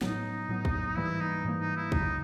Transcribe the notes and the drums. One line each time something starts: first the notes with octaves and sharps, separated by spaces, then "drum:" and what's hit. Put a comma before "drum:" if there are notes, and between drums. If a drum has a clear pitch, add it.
A2 F#3 B3 D#4, drum: snare
A2 F#3 B3
drum: kick
G#2 E3 G3 A#3 E4
D#4
G#2 E3 G3 A#3
D#4
E4
C#2 C#3 F#3 D#4, drum: kick